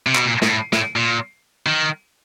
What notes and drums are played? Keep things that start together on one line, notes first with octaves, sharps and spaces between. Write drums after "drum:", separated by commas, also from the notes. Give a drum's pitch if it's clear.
C3
B2, drum: clap
A#2
G#2, drum: snare
A2
A2, drum: snare
A#2
D#3